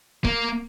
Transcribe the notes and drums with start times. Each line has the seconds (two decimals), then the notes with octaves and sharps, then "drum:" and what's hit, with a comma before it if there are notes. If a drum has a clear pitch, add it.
0.25 A#3, drum: kick C#1